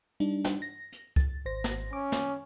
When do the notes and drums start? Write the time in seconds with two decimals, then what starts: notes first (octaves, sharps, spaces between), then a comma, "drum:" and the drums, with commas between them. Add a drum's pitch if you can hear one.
0.20 G3 D4 D#4
0.44 drum: snare
0.62 A#6
0.92 drum: hi-hat
1.16 A6, drum: kick C#2
1.45 G#1 C5 A#6
1.64 drum: snare
1.93 C#4 D6
2.12 drum: snare